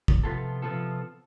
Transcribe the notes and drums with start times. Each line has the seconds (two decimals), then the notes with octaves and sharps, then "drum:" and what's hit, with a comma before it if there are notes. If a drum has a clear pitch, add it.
0.08 drum: kick
0.24 C3 F3 B3 F4 A4
0.62 C3 F3 B3 F4 A4